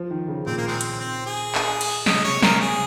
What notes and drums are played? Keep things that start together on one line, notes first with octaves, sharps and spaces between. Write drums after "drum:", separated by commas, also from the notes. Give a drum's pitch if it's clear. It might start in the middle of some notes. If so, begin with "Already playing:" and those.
Already playing: F3
D#3
C#3
A#2 C4
A#3
D#3 G#3 C4
drum: hi-hat
C4
G#4
drum: clap
drum: cymbal
C#3 D#5, drum: snare
C3 C#5
C3 A#4, drum: snare
G#4